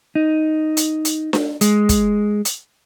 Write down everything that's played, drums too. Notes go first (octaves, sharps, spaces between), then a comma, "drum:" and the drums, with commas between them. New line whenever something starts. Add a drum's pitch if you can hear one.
D#4
drum: hi-hat
drum: hi-hat
drum: snare D4
G#3, drum: hi-hat
drum: kick, hi-hat
drum: hi-hat